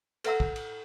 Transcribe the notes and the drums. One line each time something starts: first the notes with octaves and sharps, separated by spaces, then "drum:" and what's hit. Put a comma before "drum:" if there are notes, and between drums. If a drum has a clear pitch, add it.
A4 B4 E5 F#5 A#5 E6, drum: cymbal
drum: kick
drum: cymbal